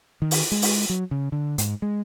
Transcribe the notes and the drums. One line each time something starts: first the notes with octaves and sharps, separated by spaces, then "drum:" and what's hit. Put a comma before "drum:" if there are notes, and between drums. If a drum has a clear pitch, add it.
D#3
drum: open hi-hat
G#3
drum: open hi-hat
F#3
C#3
D3
G#2, drum: hi-hat
G#3